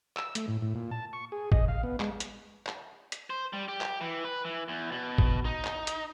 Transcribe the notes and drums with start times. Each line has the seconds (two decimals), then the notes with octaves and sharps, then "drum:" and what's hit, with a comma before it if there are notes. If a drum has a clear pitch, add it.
0.17 E6, drum: clap
0.35 A3, drum: hi-hat
0.48 A2
0.62 A2
0.75 A#2
0.91 A5
1.13 C#6
1.32 G#4
1.52 D#5, drum: kick G#1
1.68 F5
1.83 B3
2.00 G#3, drum: clap
2.20 drum: hi-hat
2.66 drum: clap
3.12 drum: hi-hat
3.30 C5
3.53 G3
3.68 G4
3.81 drum: clap
4.01 E3
4.25 B4
4.45 E3
4.68 E2
4.92 B2
5.18 drum: kick G#1
5.45 D#4
5.64 drum: clap
5.87 drum: hi-hat